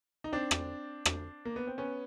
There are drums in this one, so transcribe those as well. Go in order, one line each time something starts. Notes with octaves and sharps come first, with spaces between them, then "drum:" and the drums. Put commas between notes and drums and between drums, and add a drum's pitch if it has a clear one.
D#4
C4 D4
drum: rim click
drum: rim click
A#3
B3
C4
B3 C#4